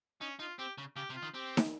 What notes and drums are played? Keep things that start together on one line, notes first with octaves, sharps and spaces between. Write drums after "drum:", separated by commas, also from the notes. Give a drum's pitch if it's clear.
C#4 D#4
D#4 F4
C4 G4
C#3
C#3 G4
C3
F4
D#3
C4 G4
drum: snare